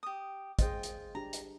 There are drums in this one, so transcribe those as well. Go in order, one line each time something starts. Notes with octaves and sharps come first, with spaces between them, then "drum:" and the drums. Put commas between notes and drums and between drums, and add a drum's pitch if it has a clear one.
G4 D#6
F4 G#4 C5 D#5 G5, drum: kick, hi-hat
drum: hi-hat
D4 G4 A#5
drum: hi-hat